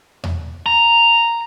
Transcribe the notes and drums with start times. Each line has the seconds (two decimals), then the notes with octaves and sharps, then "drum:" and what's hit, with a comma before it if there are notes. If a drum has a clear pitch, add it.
0.24 drum: tom E2
0.66 A#5